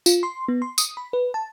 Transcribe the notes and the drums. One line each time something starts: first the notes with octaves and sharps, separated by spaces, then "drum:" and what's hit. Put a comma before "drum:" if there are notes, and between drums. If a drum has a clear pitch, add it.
F4, drum: tambourine
C6
B3
C6
D#6, drum: tambourine
B5
B4
A5